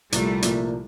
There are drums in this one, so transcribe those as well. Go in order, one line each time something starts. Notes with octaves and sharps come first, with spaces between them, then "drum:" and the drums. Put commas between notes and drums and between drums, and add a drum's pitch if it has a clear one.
C2 A#2 F3 G3 A3 A#3, drum: hi-hat
C2 A#2 F3 A#3, drum: hi-hat